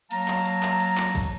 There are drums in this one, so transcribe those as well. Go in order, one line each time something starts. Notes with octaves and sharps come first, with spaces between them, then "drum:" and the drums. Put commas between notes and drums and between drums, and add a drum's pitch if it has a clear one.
F#3 A#3 F5 A5 A#5, drum: cymbal
drum: clap
drum: cymbal
drum: clap
drum: cymbal
drum: clap
drum: kick, cymbal